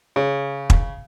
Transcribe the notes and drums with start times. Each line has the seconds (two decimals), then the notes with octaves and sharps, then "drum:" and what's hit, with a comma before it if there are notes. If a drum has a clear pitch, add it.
0.16 C#3
0.70 drum: kick